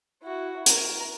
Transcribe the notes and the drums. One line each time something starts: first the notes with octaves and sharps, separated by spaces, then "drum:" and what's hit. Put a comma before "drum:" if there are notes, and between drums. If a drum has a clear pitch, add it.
E4 F#4
A#4, drum: hi-hat